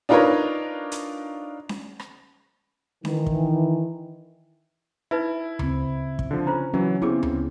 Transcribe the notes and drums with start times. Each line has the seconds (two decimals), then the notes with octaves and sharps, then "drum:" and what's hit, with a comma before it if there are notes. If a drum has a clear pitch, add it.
0.09 D4 D#4 F4 A#4 B4 C#5
0.92 drum: hi-hat
1.69 drum: snare C#4
2.00 drum: rim click
3.05 D#3 E3, drum: snare C#4
3.26 drum: kick
5.11 D#4 E4 B4 E5
5.59 C#3 C4, drum: tom D2
6.19 drum: kick
6.31 D3 F3
6.47 C#4 F4 C5 A#5
6.74 E3 F#3 C#4
7.02 C#3 B3 C4 E4 G4 G#4 D6
7.23 drum: tom D2